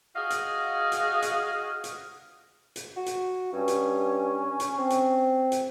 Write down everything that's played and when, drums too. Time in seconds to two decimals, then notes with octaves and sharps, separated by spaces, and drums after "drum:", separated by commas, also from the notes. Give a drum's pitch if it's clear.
0.15 F#4 G#4 D#5 F5
0.30 drum: hi-hat
0.92 drum: hi-hat
1.22 drum: hi-hat
1.84 drum: hi-hat
2.76 drum: hi-hat
2.96 F#4
3.06 drum: hi-hat
3.53 G2 C#4
3.68 drum: hi-hat
4.60 drum: hi-hat
4.78 C4
4.90 drum: hi-hat
5.52 drum: hi-hat